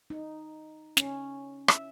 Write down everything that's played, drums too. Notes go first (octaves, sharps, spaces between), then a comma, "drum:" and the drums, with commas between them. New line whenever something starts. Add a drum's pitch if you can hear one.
D#4
C#4, drum: snare
E5, drum: rim click